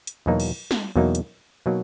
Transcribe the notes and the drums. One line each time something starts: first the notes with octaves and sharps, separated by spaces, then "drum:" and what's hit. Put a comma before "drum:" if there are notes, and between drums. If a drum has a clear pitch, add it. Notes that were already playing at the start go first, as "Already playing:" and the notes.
drum: hi-hat
E2 B2 F#3 A#3 D#4
drum: cymbal
drum: snare
E2 B2 F#3 A#3 D#4
drum: hi-hat
B2 F#3 A#3 D#4